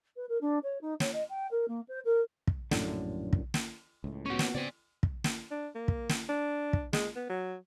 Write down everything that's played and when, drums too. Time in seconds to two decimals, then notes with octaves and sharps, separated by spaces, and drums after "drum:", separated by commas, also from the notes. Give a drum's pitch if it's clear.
0.16 B4
0.29 A#4
0.41 D4
0.63 C#5
0.81 D#4
1.00 C#5, drum: snare
1.13 D#5
1.29 G5
1.51 A#4
1.68 A#3
1.88 C5
2.05 A#4
2.47 drum: kick
2.71 A#1 F#2 A2 D3, drum: snare
3.33 drum: kick
3.54 drum: snare
4.04 C#2 A2
4.26 B3 C#4 F#4 G4 C#6
4.39 drum: snare
4.55 C#3 C4 D5 G#5
5.03 drum: kick
5.24 drum: snare
5.51 D4
5.75 A#3
5.88 drum: kick
6.09 drum: snare
6.29 D4
6.73 drum: kick
6.93 G#3, drum: snare
7.16 B3
7.30 F#3